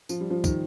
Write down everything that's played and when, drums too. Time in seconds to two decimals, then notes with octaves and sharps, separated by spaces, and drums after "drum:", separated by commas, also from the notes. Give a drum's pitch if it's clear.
0.09 F3, drum: tambourine
0.20 G3
0.30 F3
0.44 D#3, drum: kick, tambourine